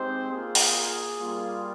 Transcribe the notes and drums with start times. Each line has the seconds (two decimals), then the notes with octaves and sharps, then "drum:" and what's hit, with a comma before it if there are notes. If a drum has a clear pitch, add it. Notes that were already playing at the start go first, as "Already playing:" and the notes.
Already playing: G#3 C4 D#4 G4 C5
0.31 A#3 F4 G#4
0.55 drum: open hi-hat
0.75 G#4
1.18 G3 A#3 F4